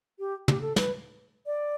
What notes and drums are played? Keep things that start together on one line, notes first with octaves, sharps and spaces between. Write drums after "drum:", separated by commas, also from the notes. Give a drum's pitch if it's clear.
G4
G4, drum: tom
A4
B4, drum: snare
D5